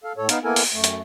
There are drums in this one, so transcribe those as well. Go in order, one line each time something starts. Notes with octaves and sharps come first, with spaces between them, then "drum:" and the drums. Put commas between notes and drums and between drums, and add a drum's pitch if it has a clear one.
A4 F5
A2 A4 C#5
B3 D#4 F5, drum: hi-hat
A#3 B3 E4 A4 A#4 G#5
drum: open hi-hat
F#2 A3
drum: hi-hat